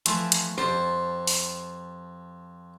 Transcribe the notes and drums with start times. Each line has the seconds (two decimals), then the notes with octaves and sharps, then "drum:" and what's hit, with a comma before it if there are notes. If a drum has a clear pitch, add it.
0.06 E3 F3 A3, drum: hi-hat
0.32 drum: hi-hat
0.58 F2 G4 C5 A5
1.27 drum: open hi-hat